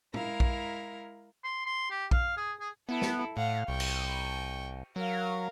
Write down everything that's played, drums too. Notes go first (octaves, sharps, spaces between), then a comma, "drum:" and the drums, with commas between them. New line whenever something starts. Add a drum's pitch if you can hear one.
G#3 E4 A#4 F5 A#5, drum: tom
drum: kick
C6
C6
G4
F5, drum: kick
G#4
G#4
B3 E4 A4
drum: snare
A2 F5 F#5
C2 G5 C#6
drum: cymbal
F#3 A#4 F5